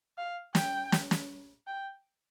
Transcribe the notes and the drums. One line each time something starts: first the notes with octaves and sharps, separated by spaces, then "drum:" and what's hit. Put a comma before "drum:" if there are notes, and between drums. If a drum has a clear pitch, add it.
F5
G5, drum: snare
drum: snare
drum: snare
G5